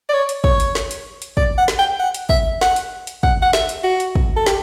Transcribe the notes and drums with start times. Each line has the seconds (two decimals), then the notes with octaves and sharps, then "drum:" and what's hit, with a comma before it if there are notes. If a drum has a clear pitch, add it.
0.09 D5
0.14 C#5
0.29 drum: hi-hat
0.44 C#5, drum: kick
0.60 drum: hi-hat
0.75 drum: snare
0.91 drum: hi-hat
1.22 drum: hi-hat
1.37 D5, drum: kick
1.58 F#5
1.68 drum: snare
1.79 G5
2.00 F#5
2.14 drum: hi-hat
2.29 E5, drum: kick
2.61 F#5, drum: snare
2.76 drum: hi-hat
3.07 drum: hi-hat
3.23 F#5, drum: kick
3.42 F#5
3.53 E5, drum: snare
3.69 drum: hi-hat
3.84 F#4
4.00 drum: hi-hat
4.15 drum: kick
4.36 A4
4.46 G4, drum: snare